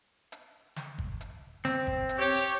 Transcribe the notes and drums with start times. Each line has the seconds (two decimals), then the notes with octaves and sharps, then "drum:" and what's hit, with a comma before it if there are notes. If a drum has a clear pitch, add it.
0.32 drum: hi-hat
0.76 drum: snare
0.98 drum: kick G1
1.21 drum: hi-hat
1.65 C4, drum: snare
1.87 drum: kick G1
2.09 drum: hi-hat
2.18 G4 C#5